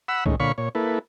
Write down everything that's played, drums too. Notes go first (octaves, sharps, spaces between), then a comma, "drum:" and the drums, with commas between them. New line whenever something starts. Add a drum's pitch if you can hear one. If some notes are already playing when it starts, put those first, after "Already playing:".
F#5 B5 E6
A2 D#3 G#3 C#4, drum: kick
A#2 D3 C#5 F5 B5 C#6
A#2 C#5
A#3 E4 A4 B4